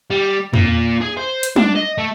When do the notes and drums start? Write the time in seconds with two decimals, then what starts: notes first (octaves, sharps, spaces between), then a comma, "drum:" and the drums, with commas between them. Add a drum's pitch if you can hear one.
0.11 G3
0.54 A#2, drum: tom
1.01 G#4
1.17 C5
1.43 drum: hi-hat
1.56 D4, drum: tom
1.75 D#5
1.98 A3